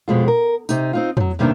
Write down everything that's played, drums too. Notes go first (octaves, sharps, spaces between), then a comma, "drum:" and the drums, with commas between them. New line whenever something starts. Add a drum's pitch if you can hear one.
F2 B2 G#3 F4
A#4
C3 D#4, drum: tambourine
C4 D#4 F4
F3 F#3, drum: tom
G2 C3 D#3 A#3 C#4 D4